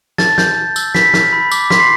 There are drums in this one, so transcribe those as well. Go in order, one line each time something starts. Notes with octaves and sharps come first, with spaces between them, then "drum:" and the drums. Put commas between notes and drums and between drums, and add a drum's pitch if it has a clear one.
A5 A6, drum: snare
G6, drum: snare
A5
E6, drum: tambourine
B5 B6, drum: snare
F6, drum: snare
B5
D6, drum: tambourine
C6 B6, drum: snare
C7